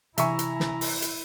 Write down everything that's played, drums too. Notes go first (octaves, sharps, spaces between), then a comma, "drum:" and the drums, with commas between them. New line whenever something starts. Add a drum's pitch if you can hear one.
C3 E3 E4 E5 G#5 A#5 C#6, drum: hi-hat
drum: hi-hat
drum: snare
drum: open hi-hat
drum: hi-hat